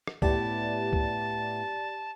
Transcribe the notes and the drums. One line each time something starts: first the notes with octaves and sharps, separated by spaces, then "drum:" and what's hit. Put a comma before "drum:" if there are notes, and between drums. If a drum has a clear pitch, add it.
drum: rim click
A2 B3 E4 G4 D5 A5, drum: kick C#2
drum: kick C#2